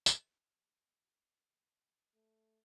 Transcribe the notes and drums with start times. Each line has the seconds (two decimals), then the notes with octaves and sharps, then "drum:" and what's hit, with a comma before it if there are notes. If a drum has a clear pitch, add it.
0.06 drum: tambourine
2.15 A3